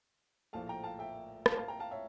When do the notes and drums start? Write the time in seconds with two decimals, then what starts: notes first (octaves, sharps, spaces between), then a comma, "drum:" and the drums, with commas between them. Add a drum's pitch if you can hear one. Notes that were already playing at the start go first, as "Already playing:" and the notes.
0.53 A#1 A2 F3 A3 F5 A5
0.69 G5 A#5
0.84 F5 A5
0.99 E5 G5
1.46 F5 A5, drum: rim click
1.57 F5 A5
1.68 G5 A#5
1.80 F5 A5
1.91 C#5 E5